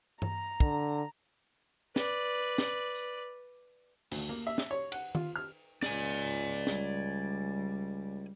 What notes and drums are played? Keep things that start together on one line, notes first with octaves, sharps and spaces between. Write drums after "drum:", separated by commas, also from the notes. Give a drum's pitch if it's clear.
A#5, drum: tom G2
D3, drum: kick
B4 D5, drum: snare
drum: snare
drum: tambourine
D2, drum: cymbal
A#3
E5
drum: snare
C#5
F#5, drum: cymbal
F4, drum: tom D#3
F6
C#2 D5 G#5, drum: snare
G3, drum: snare